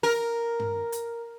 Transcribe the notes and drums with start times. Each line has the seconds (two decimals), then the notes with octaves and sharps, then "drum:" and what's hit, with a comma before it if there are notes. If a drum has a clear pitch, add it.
0.03 A#4
0.60 drum: tom G2
0.92 drum: hi-hat